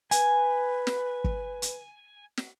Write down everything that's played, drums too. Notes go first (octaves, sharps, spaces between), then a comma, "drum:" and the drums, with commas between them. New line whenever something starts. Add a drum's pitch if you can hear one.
B4 G#5, drum: hi-hat
drum: snare
drum: kick
drum: hi-hat
drum: snare